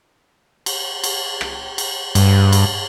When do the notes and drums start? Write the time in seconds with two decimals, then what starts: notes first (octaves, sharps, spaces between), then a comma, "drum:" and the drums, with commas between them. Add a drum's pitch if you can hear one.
0.66 drum: cymbal
1.04 drum: cymbal
1.41 drum: rim click
1.78 drum: cymbal
2.15 G2, drum: cymbal
2.53 drum: cymbal